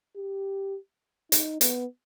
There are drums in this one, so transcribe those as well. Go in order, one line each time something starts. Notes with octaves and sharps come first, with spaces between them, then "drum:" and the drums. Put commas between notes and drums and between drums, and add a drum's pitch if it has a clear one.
G4
D#4, drum: hi-hat
B3, drum: hi-hat